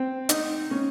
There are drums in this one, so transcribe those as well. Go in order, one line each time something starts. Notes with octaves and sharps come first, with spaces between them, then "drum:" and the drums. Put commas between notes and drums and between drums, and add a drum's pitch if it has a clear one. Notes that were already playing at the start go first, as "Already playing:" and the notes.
Already playing: C4
D#4, drum: hi-hat
C#4